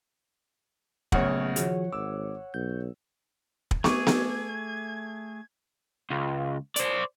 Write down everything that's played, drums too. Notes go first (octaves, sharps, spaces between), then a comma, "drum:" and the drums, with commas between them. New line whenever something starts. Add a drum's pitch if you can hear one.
A#1 C#3 F#3 A3 B3 C#5 F#5, drum: kick
D#3 F3 F#4 G#4, drum: hi-hat
G#1 D6 E6
B1 G6
drum: kick
A3 G#4 C#6 D6 G#6, drum: snare
drum: snare
C#2
C5 D5, drum: hi-hat